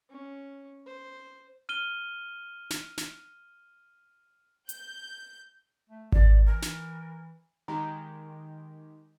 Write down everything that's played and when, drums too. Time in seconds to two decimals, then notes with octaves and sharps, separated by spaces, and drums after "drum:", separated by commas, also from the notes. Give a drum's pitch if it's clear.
0.10 C#4
0.86 C5
1.69 F6 D#7 G7
2.70 drum: snare
2.98 drum: snare
4.69 G6, drum: hi-hat
5.89 A3
6.12 D#3 D5, drum: kick G#1
6.45 E3 A#4
6.62 drum: snare
7.68 D#3 G#3 G4 A#5